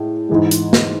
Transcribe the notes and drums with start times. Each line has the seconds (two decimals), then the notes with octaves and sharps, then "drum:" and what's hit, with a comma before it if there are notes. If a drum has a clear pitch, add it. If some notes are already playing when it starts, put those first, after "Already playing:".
Already playing: A2 G#3
0.29 G#2 E3 G#3
0.51 drum: hi-hat
0.73 drum: snare